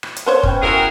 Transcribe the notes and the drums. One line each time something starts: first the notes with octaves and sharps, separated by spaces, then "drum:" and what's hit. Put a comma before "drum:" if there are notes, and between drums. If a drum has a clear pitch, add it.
drum: rim click
drum: hi-hat
B3 C5 C#5
C#4 B4 G5, drum: kick
E4 F#4 G#4 A#4